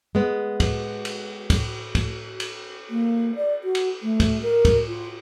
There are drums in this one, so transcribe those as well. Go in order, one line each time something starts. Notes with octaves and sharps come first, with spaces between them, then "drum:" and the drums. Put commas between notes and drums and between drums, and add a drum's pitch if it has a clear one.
G#3 B3
drum: kick, cymbal
drum: cymbal
drum: kick, cymbal
drum: kick, cymbal
drum: cymbal
A#3
D5
F#4
drum: cymbal
A3
drum: kick, cymbal
A#4
drum: kick, cymbal
F4